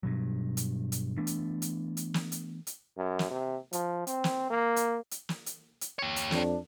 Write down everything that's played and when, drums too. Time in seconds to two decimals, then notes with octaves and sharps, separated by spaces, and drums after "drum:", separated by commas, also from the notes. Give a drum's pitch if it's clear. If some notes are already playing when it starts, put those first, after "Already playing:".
0.03 G2 B2 F#3
0.57 drum: hi-hat
0.92 drum: hi-hat
1.18 E3 A3 B3 D4
1.27 drum: hi-hat
1.62 drum: hi-hat
1.97 drum: hi-hat
2.14 drum: snare
2.32 drum: hi-hat
2.67 drum: hi-hat
2.97 F#2
3.19 drum: snare
3.30 C3
3.73 F3, drum: hi-hat
4.07 C4, drum: hi-hat
4.24 drum: snare
4.50 A#3
4.76 drum: hi-hat
5.11 drum: hi-hat
5.29 drum: snare
5.46 drum: hi-hat
5.81 drum: hi-hat
5.99 G4 C#5
6.16 drum: hi-hat
6.31 F2 D4, drum: snare